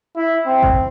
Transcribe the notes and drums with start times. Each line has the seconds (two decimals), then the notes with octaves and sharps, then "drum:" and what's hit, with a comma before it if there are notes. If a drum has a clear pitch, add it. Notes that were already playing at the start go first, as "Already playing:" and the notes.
0.16 E4
0.46 C4
0.63 drum: kick A1